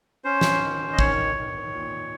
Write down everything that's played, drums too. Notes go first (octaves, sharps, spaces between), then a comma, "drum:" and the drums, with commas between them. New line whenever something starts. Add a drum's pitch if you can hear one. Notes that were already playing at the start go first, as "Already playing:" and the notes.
C#4 C5
drum: snare
D#3
D#5
D#3 C#5, drum: kick A1
D#3
A#2